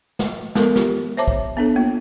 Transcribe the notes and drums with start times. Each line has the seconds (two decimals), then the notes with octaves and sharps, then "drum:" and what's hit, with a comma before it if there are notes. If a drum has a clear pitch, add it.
0.19 drum: snare
0.55 F3 G#3 B3 A4 A#4, drum: snare
0.75 F4 G4, drum: snare
1.17 C5 C#5 E5 A5 A#5 D6
1.28 drum: kick
1.57 B3 D4 A4
1.76 A#3 F4